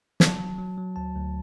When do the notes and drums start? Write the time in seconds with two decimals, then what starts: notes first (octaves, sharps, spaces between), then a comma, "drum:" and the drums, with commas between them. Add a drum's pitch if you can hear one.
0.20 F#3 A5, drum: snare
0.38 F#3
0.58 F#3
0.78 F#3
0.96 D2 A5
1.16 D2